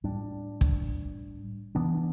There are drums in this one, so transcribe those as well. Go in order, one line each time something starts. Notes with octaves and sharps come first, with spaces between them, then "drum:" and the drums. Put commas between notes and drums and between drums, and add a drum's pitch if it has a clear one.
A2 G3 D4
drum: kick
E3 B3 D4